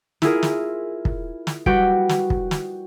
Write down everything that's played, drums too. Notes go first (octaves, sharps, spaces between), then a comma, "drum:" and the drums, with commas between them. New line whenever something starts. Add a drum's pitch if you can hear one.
E4 F4 G#4 A#4, drum: snare
drum: snare
drum: kick
drum: snare
G3 F#4 B4 G5, drum: kick
drum: snare
drum: kick
drum: snare